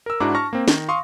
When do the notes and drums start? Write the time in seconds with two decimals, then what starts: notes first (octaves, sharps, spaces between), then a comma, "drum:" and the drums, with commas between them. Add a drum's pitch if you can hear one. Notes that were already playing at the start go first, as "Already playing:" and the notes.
0.06 A#4 E6
0.20 G#2 D4 E4 F#4 A#5 D6
0.35 A5 C#6 F6 A#6
0.53 A#3 C4
0.68 D#3, drum: snare
0.88 F5 C6 C#6 D#6